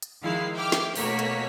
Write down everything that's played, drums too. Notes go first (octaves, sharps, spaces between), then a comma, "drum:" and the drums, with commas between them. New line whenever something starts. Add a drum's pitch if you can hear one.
drum: hi-hat
D#3 F3 G#3 E4 F5 C7
E5 G5 D6 F6
drum: snare
B2 A3 A#3 F#4 C#5 B6, drum: open hi-hat
drum: hi-hat